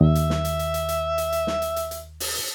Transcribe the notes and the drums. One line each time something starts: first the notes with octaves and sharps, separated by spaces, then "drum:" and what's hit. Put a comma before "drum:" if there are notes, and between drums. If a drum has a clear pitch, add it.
D#2 E5
drum: hi-hat
drum: snare
drum: hi-hat
drum: hi-hat
drum: hi-hat
drum: hi-hat
drum: hi-hat
drum: hi-hat
drum: snare
drum: hi-hat
drum: hi-hat
drum: hi-hat
drum: open hi-hat
drum: hi-hat